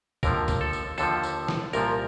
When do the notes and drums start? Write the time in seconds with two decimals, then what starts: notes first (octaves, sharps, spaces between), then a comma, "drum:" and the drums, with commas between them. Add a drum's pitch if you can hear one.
0.23 D#2 D3 F3 A#4, drum: kick, tambourine
0.48 drum: kick, tambourine
0.61 A4
0.73 drum: tambourine
0.98 D#2 D3 F3 A4, drum: tambourine
1.23 drum: tambourine
1.48 drum: snare
1.73 C2 A#2 F3 A#4, drum: tambourine